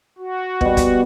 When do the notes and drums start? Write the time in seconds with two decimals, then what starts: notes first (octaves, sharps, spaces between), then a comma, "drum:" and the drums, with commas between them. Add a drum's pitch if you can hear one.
0.18 F#4
0.61 B2 G3, drum: kick
0.77 drum: kick, hi-hat